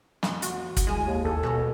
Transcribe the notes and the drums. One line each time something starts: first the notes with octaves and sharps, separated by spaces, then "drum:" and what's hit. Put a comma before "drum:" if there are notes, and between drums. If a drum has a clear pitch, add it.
F2 A#2 F3, drum: snare
F#4, drum: hi-hat
drum: kick, hi-hat
G#3 E4 G#4 G#5
D#2
D#2 A4
B2 G3 A3 F#4